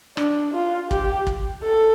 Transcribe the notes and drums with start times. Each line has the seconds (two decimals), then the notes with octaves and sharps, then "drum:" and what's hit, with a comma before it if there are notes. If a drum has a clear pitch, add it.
0.17 D4, drum: rim click
0.54 F4
0.91 G4, drum: kick
1.27 drum: kick
1.63 A4